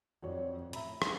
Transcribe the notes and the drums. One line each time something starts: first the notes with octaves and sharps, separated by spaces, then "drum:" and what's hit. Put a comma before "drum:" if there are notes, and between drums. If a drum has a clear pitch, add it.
F2 F#4 C#5 D5
A2 E5 A#5 B5, drum: hi-hat
drum: rim click